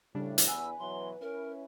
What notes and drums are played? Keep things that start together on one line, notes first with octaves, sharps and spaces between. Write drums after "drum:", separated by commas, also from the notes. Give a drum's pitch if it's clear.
A2 C#3 G3 D4
drum: hi-hat
E2 B4 G#5 E6
B2 E3 F#3 C6
C#4 E4 A#4